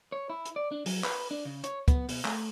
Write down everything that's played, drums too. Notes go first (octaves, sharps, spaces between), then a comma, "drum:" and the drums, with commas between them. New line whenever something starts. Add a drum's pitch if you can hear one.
C#5
E4
drum: hi-hat
D5
D4
F#3, drum: open hi-hat
B4, drum: clap
D4
C#3
C#5, drum: hi-hat
B3, drum: kick, hi-hat
B2, drum: open hi-hat
A3, drum: clap